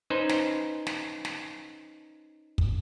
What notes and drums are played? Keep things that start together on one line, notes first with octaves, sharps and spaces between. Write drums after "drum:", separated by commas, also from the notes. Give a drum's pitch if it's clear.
C#4 D#4 B4 C5
drum: snare
drum: snare
drum: snare
drum: kick